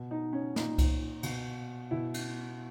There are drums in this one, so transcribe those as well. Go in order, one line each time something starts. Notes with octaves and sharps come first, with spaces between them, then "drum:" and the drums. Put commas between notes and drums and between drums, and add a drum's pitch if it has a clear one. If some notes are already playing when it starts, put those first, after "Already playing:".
Already playing: B2
D#4
C#4
A#2 D#4, drum: snare
drum: kick C2, cymbal
B2, drum: cymbal
B2 E4
drum: cymbal